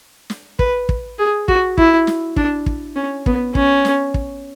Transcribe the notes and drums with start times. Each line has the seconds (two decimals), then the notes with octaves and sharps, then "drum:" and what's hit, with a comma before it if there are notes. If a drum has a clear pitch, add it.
0.30 drum: snare
0.59 B4, drum: kick
0.89 drum: kick
1.19 G#4
1.48 F#4, drum: kick
1.78 E4, drum: kick
2.07 drum: snare
2.36 D4, drum: kick
2.66 drum: kick
2.96 C#4
3.26 B3, drum: kick
3.55 C#4, drum: kick
3.85 drum: snare
4.14 drum: kick